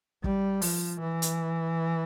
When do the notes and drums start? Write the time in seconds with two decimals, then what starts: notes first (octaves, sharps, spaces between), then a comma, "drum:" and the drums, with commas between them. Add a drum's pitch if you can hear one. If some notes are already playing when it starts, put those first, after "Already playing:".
0.24 G3, drum: kick
0.62 F3, drum: open hi-hat
1.00 E3
1.22 drum: hi-hat